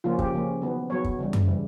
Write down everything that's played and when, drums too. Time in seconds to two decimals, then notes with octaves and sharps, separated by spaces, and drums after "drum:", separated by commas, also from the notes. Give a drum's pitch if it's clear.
0.04 C#3 F3 A#3 C#4 F4
0.19 G4, drum: kick
0.33 C#3 F3 A#3 C#4
0.62 D#3 F#3 B3
0.90 D#3 F#3 B3 C#5
1.04 drum: kick
1.19 C#3 E3 G3
1.33 drum: tom F#2
1.47 C#3 E3 G3